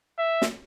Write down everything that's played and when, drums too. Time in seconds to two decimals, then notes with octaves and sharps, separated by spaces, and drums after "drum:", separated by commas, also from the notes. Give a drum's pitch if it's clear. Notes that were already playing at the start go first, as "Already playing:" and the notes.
0.18 E5
0.42 drum: snare